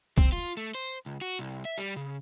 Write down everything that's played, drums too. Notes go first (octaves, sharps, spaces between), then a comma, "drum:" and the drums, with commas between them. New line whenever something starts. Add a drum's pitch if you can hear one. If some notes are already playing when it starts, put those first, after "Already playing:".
C4, drum: kick
F4
A3
C5
C#2
F#4
C2
E5
G3
C#3